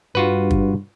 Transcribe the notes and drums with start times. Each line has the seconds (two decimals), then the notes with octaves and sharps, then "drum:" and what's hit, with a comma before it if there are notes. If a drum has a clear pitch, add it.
0.15 G2 F4 F#4 B4
0.51 drum: kick